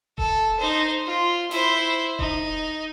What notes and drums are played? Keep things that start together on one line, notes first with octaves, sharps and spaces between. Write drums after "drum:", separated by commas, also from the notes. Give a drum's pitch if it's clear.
A4, drum: kick E1
D#4 C5
F4
E4 C5, drum: open hi-hat
D#4, drum: kick E1